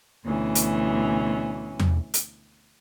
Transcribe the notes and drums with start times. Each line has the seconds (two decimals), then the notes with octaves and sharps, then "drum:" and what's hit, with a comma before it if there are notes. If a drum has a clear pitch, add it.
0.24 D2 B2 E3 C#4
0.55 drum: hi-hat
1.79 drum: tom E2
2.14 drum: hi-hat